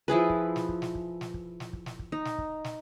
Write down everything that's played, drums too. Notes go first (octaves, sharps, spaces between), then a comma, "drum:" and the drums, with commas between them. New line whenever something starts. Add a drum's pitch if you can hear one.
F3 E4 G#4 B4
drum: kick
drum: snare
drum: kick
drum: snare
drum: kick
drum: snare
drum: kick
drum: snare
drum: kick
drum: snare
drum: kick
D#4
drum: snare
drum: kick
drum: snare